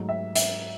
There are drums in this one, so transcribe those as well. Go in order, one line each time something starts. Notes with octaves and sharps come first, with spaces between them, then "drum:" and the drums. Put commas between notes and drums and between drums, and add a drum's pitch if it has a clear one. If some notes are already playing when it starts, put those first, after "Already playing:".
Already playing: G#2 F#3 A3
E5
E5, drum: hi-hat